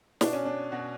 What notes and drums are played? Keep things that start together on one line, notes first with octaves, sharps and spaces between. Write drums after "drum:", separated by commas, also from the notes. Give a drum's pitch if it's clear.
B2 D4, drum: snare
C#4
D4
B2 F#4